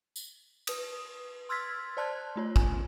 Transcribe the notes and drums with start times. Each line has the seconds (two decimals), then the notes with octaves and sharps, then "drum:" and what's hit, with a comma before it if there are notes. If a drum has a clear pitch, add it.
0.16 drum: tambourine
0.67 B4 D#6, drum: cymbal
1.49 C6 E6 F6 G#6 A6 B6
1.97 C5 D5 A5 C6 F#6 G#6
2.36 A3 F4 C#5
2.56 G#5, drum: kick